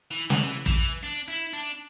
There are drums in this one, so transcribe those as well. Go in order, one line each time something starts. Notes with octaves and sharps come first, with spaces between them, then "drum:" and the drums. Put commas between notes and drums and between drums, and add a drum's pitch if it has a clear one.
E3
E3, drum: snare
E3, drum: kick
D4
E4
D4